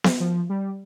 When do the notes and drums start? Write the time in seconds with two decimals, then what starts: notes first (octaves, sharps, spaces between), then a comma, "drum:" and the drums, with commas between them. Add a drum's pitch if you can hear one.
0.04 drum: snare B3
0.20 F3
0.49 G3